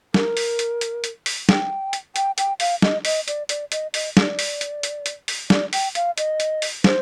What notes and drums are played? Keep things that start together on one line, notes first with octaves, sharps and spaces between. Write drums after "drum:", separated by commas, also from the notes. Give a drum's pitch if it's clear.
A#4, drum: snare
drum: open hi-hat
drum: hi-hat
drum: hi-hat
drum: hi-hat
drum: open hi-hat
G5, drum: snare
drum: hi-hat
G5, drum: hi-hat
G5, drum: hi-hat
F5, drum: open hi-hat
D#5, drum: snare
D#5, drum: open hi-hat
D5, drum: hi-hat
D5, drum: hi-hat
D#5, drum: hi-hat
D#5, drum: open hi-hat
D5, drum: snare
drum: open hi-hat
drum: hi-hat
drum: hi-hat
drum: hi-hat
drum: open hi-hat
D5, drum: snare
G5, drum: open hi-hat
F5, drum: hi-hat
D#5, drum: hi-hat
drum: hi-hat
drum: open hi-hat
C5, drum: snare